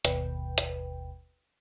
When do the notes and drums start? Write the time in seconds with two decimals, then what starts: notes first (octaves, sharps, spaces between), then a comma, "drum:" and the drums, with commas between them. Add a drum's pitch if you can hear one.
0.05 G1 D#2 B2 B4 G5, drum: hi-hat
0.58 drum: hi-hat